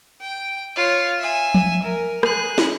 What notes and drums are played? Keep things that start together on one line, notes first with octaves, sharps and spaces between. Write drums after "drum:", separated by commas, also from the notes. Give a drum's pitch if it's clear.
G5
F4 C#5
E5 G#5
drum: tom F3
A#4
G#4 F#6, drum: rim click
drum: snare